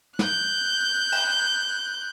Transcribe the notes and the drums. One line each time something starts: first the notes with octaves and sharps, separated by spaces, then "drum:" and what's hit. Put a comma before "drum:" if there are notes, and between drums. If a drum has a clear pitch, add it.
F#6 G6, drum: snare
drum: cymbal